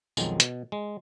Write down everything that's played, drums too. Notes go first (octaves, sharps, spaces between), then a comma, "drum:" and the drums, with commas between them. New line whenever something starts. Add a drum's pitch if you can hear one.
B1 F2 D#3 F#3 G#3, drum: tambourine
B2, drum: hi-hat
G#3